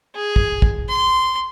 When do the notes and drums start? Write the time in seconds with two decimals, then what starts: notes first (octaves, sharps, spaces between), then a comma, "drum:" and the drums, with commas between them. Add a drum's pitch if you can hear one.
0.15 G#4
0.36 drum: kick
0.62 drum: kick
0.88 C6